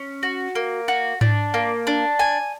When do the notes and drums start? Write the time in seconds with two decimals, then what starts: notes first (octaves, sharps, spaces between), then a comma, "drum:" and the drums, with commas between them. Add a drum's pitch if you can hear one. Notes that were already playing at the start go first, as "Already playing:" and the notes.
Already playing: C#4
0.23 F#4
0.55 A#3
0.88 F#4
1.21 D4, drum: tom G#2
1.54 A#3
1.87 D4
2.19 G#5